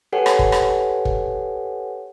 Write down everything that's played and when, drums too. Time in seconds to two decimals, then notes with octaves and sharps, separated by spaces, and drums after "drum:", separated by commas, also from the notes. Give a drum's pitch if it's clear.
0.13 G4 A4 B4 C#5 F#5 G#5
0.26 drum: rim click
0.39 drum: kick
0.52 drum: rim click
1.05 drum: kick